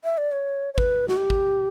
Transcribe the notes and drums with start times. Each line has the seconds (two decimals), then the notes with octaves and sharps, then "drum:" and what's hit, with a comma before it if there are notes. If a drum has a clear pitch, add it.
0.04 E5
0.18 D5
0.32 C#5
0.74 C#5
0.78 B4, drum: kick
1.08 F#4, drum: snare
1.17 G4
1.30 drum: kick